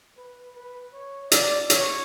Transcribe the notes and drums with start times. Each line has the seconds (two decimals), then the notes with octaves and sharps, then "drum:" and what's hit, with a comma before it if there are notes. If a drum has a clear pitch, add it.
0.18 B4
0.56 B4
0.93 C#5
1.32 D5, drum: hi-hat
1.70 C#5, drum: hi-hat